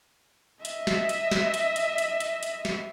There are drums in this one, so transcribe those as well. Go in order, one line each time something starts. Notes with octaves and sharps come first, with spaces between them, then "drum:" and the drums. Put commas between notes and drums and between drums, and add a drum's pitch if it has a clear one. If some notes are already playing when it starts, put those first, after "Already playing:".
D#5 E5, drum: hi-hat
drum: snare
drum: hi-hat
drum: snare
drum: hi-hat
drum: hi-hat
drum: hi-hat
drum: hi-hat
drum: hi-hat
drum: snare